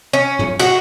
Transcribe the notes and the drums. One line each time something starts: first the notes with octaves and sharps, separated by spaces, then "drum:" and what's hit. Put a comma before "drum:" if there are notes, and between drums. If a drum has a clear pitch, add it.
C#4
drum: tom
F#4, drum: cymbal